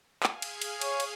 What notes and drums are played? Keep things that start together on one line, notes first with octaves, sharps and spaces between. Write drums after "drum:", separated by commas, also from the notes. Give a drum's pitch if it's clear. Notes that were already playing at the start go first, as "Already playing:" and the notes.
G#4 F5 G#5, drum: clap
drum: cymbal
drum: cymbal
C#5, drum: cymbal
drum: cymbal